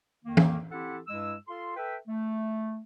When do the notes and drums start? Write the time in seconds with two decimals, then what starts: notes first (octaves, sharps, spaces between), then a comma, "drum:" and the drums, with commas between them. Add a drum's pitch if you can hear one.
0.25 F2 D#3 A#3
0.37 drum: tom
0.71 C4 E4 G4 A4 F#5
1.08 G2 G#3 E4 E6
1.48 F4 A4 C6
1.77 A4 B4 E5 G5
2.08 A3